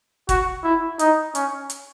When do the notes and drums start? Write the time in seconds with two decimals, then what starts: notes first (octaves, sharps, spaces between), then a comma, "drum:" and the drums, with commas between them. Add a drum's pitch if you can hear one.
0.29 F#4, drum: kick, hi-hat
0.64 E4
0.99 D#4, drum: hi-hat
1.35 C#4, drum: hi-hat
1.70 drum: hi-hat